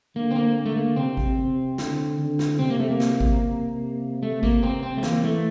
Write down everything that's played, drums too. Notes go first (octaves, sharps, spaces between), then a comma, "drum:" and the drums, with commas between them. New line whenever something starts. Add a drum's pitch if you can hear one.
D3 A#3
C4
A#3
A3
A#3
C3 C4
drum: kick G#1
C3
D3, drum: snare
D3
drum: snare
C3 C4
A#3
A3
A#3
drum: snare
drum: kick G#1
C3
A3
A#3, drum: kick G#1
C4
C4
A3
E3 A#3, drum: snare
A3